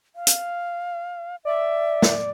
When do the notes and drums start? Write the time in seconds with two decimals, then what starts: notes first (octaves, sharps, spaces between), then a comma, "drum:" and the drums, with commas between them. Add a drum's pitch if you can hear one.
0.16 F5
0.27 drum: hi-hat
1.45 D5 E5
2.02 drum: snare